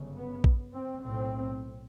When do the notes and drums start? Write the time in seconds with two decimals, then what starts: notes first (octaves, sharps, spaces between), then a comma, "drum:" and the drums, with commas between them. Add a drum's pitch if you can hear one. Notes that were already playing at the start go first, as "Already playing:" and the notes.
Already playing: G1 F#2 C#3
0.15 B3
0.44 drum: kick
0.73 C4
1.02 B1 A2 C4